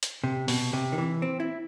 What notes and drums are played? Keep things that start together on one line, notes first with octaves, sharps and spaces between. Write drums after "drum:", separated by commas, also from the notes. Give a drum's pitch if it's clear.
drum: hi-hat
C3
B2, drum: open hi-hat
C3
D#3
E3
C4
E4